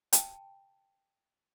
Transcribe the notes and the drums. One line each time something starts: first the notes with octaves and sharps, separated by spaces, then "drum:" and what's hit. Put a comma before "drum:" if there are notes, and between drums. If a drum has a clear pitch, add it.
G5 A5, drum: hi-hat